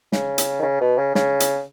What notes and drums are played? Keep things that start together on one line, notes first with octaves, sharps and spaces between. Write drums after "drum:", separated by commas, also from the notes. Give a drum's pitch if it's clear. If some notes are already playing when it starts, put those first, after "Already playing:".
C#3, drum: snare
drum: hi-hat
D#3
C#3
B2
C#3
C#3, drum: snare
drum: hi-hat